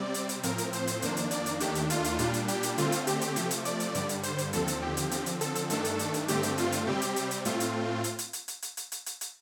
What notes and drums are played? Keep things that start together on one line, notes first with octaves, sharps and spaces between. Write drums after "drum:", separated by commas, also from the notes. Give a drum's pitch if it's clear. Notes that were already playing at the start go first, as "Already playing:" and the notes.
Already playing: C3 G3 C4 D5
drum: hi-hat
drum: hi-hat
A2 F3 C4 A#4, drum: hi-hat
drum: hi-hat
C5, drum: hi-hat
drum: hi-hat
F2 D#3 A#3 D4, drum: hi-hat
drum: hi-hat
D5, drum: hi-hat
drum: hi-hat
D#2 D#3 A3 D4 G4, drum: hi-hat
drum: hi-hat
F4, drum: hi-hat
drum: hi-hat
A#2 G3 D4, drum: hi-hat
drum: hi-hat
G4, drum: hi-hat
drum: hi-hat
D3 A3 C4 F4, drum: hi-hat
drum: hi-hat
G4, drum: hi-hat
drum: hi-hat
C3 F3 A3, drum: hi-hat
drum: hi-hat
D5, drum: hi-hat
drum: hi-hat
G2 D3 G3, drum: hi-hat
drum: hi-hat
C5, drum: hi-hat
drum: hi-hat
D#2 D3 F3 C4 A4, drum: hi-hat
drum: hi-hat
G4
drum: hi-hat
D3 F3 C4, drum: hi-hat
drum: hi-hat
A4, drum: hi-hat
drum: hi-hat
G2 D#3 A3 D4 A4, drum: hi-hat
drum: hi-hat
drum: hi-hat
drum: hi-hat
G2 D3 A3 C4 G4, drum: hi-hat
drum: hi-hat
F4, drum: hi-hat
drum: hi-hat
C3 G3 C4 G4
drum: hi-hat
drum: hi-hat
drum: hi-hat
A2 A3 C4 F4, drum: hi-hat
drum: hi-hat
drum: hi-hat
drum: hi-hat
drum: hi-hat
drum: hi-hat
drum: hi-hat
drum: hi-hat
drum: hi-hat
drum: hi-hat
drum: hi-hat